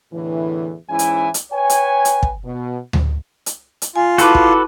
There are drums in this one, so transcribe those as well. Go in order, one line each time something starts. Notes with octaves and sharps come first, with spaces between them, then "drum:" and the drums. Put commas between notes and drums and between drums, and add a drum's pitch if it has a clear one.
E2 A2 D3 E3
G#2 E3 C#4 E4 G#5
drum: hi-hat
drum: hi-hat
B4 C#5 G5 G#5
drum: hi-hat
drum: hi-hat
drum: kick
B2
drum: tom D2
drum: hi-hat
drum: hi-hat
F4 G#5
E4 F#4 A4 B4 A5 D6, drum: hi-hat
drum: kick